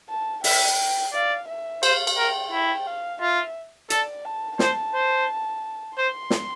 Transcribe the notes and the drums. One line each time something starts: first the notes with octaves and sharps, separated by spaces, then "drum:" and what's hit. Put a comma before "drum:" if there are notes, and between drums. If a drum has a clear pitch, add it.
A5
E5 G5, drum: open hi-hat
D5 F5
E5
C5 F5, drum: cymbal
drum: cymbal
A#4 G5
E4 G5
F5
F4 E5
A4 D5, drum: hi-hat
A5
C5 A5, drum: snare
C5
C5 C6
drum: snare